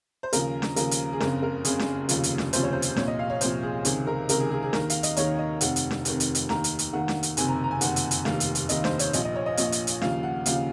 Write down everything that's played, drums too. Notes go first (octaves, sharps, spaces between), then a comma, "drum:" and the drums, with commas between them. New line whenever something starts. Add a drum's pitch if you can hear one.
C5
D#2 C#3 F3 A#4, drum: hi-hat
drum: snare D4
D#2 C#3 F3 A#4, drum: hi-hat
drum: hi-hat
G#4
F#1 F2 C#3 A#4, drum: snare D4
A#4
F#1 F2 C#3 G#4, drum: hi-hat
drum: snare D4
F1 D#2 C#3 F3, drum: hi-hat
drum: hi-hat
drum: snare D4
F1 D#2 C#3 F3 C5, drum: hi-hat
C#5
C5
drum: hi-hat
C2 A#2 F3 C#5, drum: snare D4
D#5
F5
C#5
C2 A#2 F3 C5, drum: hi-hat
G#4
C#2 C3 D#3 G#4, drum: hi-hat
A#4
C#2 C3 D#3 A#4, drum: hi-hat
G#4
G#4
G#4
D#2 D#3 A#4, drum: snare D4
F5, drum: hi-hat
D#5, drum: hi-hat
D#2 D#3 C#5, drum: hi-hat
D#5
F1 F2 D#3 F#5, drum: hi-hat
drum: hi-hat
drum: snare D4
F1 F2 D#3, drum: hi-hat
drum: hi-hat
drum: hi-hat
D#2 D#3 A#5, drum: snare D4
drum: hi-hat
drum: hi-hat
D#2 D#3 F#5
drum: snare D4
drum: hi-hat
F#1 F2 C3 D#3 G#5, drum: hi-hat
A#5
A#5
G#5
F#1 F2 C3 D#3 F#5, drum: hi-hat
drum: hi-hat
drum: hi-hat
F1 D#2 D#3 F5, drum: snare D4
drum: hi-hat
drum: hi-hat
F1 D#2 D#3 D#5, drum: hi-hat
C5, drum: snare D4
C#5, drum: hi-hat
A#1 A#2 F3 D#5, drum: hi-hat
D#5
C#5
D#5
A#1 A#2 F3 D#5, drum: hi-hat
drum: hi-hat
drum: hi-hat
D#2 C#3 F3 F5, drum: snare D4
F#5
D#2 C#3 F3 F5, drum: hi-hat